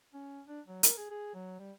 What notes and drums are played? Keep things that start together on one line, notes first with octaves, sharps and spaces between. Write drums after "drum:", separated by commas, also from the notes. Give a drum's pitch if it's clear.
C#4
D4
F#3
A#4, drum: hi-hat
G#4
G#4
F#3
G3